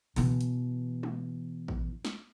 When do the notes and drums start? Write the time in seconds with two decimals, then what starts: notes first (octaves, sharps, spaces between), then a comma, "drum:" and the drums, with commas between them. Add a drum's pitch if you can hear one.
0.16 B2 E3, drum: open hi-hat
0.41 drum: hi-hat
1.03 drum: tom
1.68 drum: kick A1
2.05 drum: snare